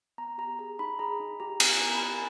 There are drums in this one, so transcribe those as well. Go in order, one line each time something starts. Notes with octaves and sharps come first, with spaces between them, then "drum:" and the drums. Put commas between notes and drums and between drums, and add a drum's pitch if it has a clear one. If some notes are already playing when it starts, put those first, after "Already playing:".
B3 A#5
G4 A#5
G#4 A#5
D#4 B5
G#4 A#5
D#4
G4 A#5
B3 G#5, drum: cymbal
G4 A#5
B5
G4 G#5
A#5